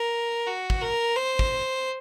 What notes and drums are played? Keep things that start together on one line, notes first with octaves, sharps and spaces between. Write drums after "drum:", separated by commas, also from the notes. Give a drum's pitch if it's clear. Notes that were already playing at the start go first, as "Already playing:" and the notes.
Already playing: A#4
F#4
drum: kick
A#4
C5
drum: kick